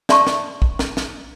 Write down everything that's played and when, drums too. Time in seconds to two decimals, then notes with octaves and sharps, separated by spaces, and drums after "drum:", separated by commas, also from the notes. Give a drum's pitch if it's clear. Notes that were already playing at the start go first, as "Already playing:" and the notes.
0.09 D5 E5 A5 C6 C#6, drum: snare
0.27 drum: snare
0.62 drum: kick
0.79 drum: snare
0.97 drum: snare